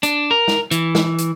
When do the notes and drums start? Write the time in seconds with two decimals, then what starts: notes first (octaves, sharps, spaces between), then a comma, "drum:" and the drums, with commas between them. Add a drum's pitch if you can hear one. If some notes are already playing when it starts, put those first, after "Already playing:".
0.03 D4, drum: hi-hat
0.31 A#4
0.48 drum: snare
0.71 E3, drum: hi-hat
0.95 drum: snare
1.18 drum: hi-hat